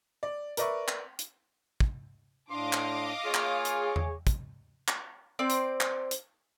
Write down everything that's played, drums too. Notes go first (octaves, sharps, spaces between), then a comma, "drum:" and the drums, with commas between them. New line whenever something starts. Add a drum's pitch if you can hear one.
D5
A#4 B4 D5 E5 C#6, drum: hi-hat
drum: clap
drum: hi-hat
drum: kick
A2 D4 D#5 F5 C6 D6
drum: clap
A#3 F4 G#4 C#5
drum: clap
drum: hi-hat
drum: tom E2
drum: kick, hi-hat
drum: clap
C4 C5 D5
drum: hi-hat
drum: clap
drum: hi-hat